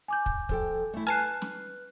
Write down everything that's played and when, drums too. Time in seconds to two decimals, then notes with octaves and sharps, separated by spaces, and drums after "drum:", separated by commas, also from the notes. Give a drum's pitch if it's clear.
0.08 G#5 D6 G6
0.26 drum: kick
0.49 F3 A4 G5, drum: kick
0.94 A3 E4
1.07 B4 G#5 A5 F6 F#6 C7
1.42 drum: snare